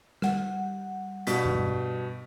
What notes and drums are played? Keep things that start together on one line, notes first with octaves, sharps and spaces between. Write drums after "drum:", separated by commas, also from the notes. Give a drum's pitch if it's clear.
G3 F#5, drum: rim click
G2 B2 B6, drum: hi-hat
drum: tom G2